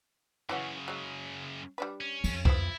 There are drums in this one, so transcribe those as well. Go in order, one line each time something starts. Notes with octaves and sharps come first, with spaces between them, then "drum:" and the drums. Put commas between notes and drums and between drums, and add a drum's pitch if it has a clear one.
F#2 C#3 E3 C#4 F#4
F#3 G#3
G3 D4 B4
C#4
F2, drum: cymbal
F3 B3 E4, drum: kick C#2